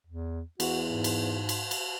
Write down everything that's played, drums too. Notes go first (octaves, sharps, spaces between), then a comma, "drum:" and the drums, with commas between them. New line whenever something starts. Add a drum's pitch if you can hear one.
E2
E2 F#4, drum: cymbal
G#2
drum: cymbal
drum: cymbal
drum: cymbal